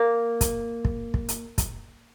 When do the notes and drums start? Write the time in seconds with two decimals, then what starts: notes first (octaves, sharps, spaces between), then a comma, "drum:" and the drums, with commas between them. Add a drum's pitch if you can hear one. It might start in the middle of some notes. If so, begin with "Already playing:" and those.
Already playing: A#3
0.41 drum: kick, hi-hat
0.85 drum: kick
1.14 drum: kick
1.29 drum: hi-hat
1.58 drum: kick, hi-hat